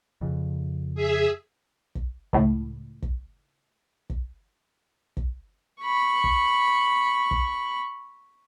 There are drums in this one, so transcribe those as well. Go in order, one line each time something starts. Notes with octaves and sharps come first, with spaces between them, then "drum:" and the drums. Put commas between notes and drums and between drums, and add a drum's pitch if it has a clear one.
F2 C#3
G#4 E5
drum: kick
C#2 A2
drum: kick
drum: kick
drum: kick
B5 C#6
drum: kick
drum: kick